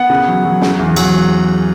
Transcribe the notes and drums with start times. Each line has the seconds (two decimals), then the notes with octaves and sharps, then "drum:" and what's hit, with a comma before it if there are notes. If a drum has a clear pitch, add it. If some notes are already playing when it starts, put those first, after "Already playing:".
Already playing: B3 F#5
0.10 C#3
0.28 F#3
0.45 F#3
0.62 C#3, drum: snare
0.79 E2
0.96 F#3, drum: cymbal